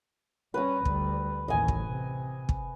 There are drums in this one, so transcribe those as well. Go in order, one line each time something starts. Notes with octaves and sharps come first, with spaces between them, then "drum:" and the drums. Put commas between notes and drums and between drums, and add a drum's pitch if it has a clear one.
G3 C#4 B4 A#5
D2 G3, drum: kick
A1 D#2 D#5 G#5
drum: kick
C3
drum: kick